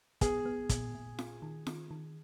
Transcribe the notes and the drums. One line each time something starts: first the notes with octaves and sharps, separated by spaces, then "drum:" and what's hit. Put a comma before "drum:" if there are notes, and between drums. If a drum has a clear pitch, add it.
B3 G#4, drum: kick, hi-hat
B3
A#2, drum: kick, hi-hat
A#2
F4, drum: snare
D#3
D#3, drum: snare
D#3